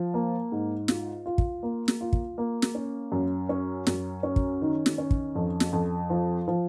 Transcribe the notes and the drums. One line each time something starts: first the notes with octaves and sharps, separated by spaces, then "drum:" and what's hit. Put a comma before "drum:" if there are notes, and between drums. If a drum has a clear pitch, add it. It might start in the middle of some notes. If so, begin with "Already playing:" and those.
Already playing: F3
A#3
G#2
F4, drum: snare
F4
drum: kick
A#3
drum: snare
F4
drum: kick
A#3
drum: snare
C#4
F#2
C#4
F#2, drum: snare
C#4
drum: kick
D#3
drum: snare
C#4
drum: kick
F2
drum: snare
F2
F3
F3